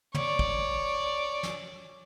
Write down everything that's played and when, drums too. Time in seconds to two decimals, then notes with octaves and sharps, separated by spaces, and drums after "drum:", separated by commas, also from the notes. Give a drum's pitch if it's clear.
0.14 C#5 D5, drum: tom
0.39 drum: kick
1.43 drum: snare